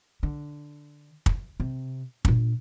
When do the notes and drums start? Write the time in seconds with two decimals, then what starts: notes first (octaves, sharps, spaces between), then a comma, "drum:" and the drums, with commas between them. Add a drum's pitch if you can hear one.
0.23 D3
1.26 drum: kick
1.60 C3
2.25 A#2 D4, drum: kick